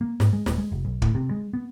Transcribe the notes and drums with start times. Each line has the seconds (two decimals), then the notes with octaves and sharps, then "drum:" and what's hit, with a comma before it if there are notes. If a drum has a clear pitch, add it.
0.01 A#3
0.20 G#2, drum: snare
0.33 G#3
0.46 D#1, drum: snare
0.58 G#3
0.72 F1
0.85 B1
1.02 A2, drum: kick
1.15 C3
1.31 G#3
1.53 B3